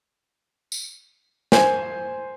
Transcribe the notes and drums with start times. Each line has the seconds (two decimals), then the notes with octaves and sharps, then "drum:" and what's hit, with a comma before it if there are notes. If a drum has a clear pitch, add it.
0.72 drum: tambourine
1.52 C5 G#5, drum: snare